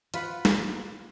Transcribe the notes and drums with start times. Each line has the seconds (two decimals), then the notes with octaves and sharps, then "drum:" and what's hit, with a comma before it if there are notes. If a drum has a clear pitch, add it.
0.14 F4 B4 F#5, drum: hi-hat
0.45 drum: snare